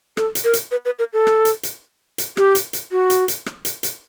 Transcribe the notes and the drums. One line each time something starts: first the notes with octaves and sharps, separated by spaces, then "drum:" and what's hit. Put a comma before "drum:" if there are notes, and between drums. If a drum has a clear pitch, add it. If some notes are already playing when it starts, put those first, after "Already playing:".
A4, drum: rim click
drum: hi-hat
A#4
drum: hi-hat
B4
B4
A#4
A4
drum: rim click
drum: hi-hat
drum: hi-hat
drum: hi-hat
G4, drum: rim click
drum: hi-hat
drum: hi-hat
F#4
drum: hi-hat
drum: hi-hat
drum: rim click
drum: hi-hat
drum: hi-hat